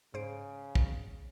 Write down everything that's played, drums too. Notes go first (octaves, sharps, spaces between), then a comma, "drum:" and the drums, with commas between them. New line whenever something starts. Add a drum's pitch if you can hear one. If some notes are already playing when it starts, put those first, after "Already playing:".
G#2 C#3 C5 D7
drum: kick